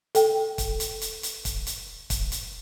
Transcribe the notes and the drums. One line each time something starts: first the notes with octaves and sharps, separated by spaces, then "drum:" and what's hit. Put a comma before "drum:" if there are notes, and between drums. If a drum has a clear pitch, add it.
A4 G5, drum: hi-hat
drum: kick, hi-hat
drum: hi-hat
drum: hi-hat
drum: hi-hat
drum: kick, hi-hat
drum: hi-hat
drum: kick, hi-hat
drum: hi-hat